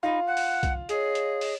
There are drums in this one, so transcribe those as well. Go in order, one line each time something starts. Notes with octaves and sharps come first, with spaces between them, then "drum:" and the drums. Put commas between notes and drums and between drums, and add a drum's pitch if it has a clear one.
D#4 F4 B5
F#5 F#6
drum: open hi-hat
drum: kick, hi-hat
G#4 C#5 D#5, drum: hi-hat
drum: hi-hat
drum: open hi-hat